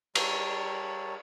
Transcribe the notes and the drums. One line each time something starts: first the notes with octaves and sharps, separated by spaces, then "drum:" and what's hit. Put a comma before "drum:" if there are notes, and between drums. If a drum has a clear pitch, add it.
G3 A#4 C#5 A5, drum: cymbal